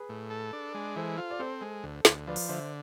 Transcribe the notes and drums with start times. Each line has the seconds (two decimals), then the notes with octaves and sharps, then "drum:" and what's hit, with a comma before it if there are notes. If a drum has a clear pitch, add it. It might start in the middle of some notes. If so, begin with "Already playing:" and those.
Already playing: G#4 B4
0.09 A2
0.30 A4
0.53 D4
0.74 G#3
0.96 E3 A4 C5
1.18 F4
1.30 D5
1.39 C4 A4 C5
1.61 G#3
1.83 D2
2.05 D2, drum: snare
2.27 F3 B4 D5
2.36 drum: open hi-hat
2.48 D3 C5 E5